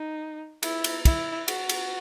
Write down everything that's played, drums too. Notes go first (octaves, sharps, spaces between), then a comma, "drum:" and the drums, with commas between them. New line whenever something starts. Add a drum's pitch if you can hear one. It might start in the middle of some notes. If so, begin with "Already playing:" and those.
Already playing: D#4
E4, drum: cymbal
drum: cymbal
E4, drum: kick, cymbal
F#4, drum: cymbal
drum: cymbal